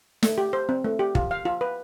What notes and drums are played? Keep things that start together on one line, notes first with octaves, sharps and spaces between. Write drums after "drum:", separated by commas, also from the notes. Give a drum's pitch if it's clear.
A3, drum: snare
G4
C5
C4
A3
G4
F4, drum: kick
F5
F4
B4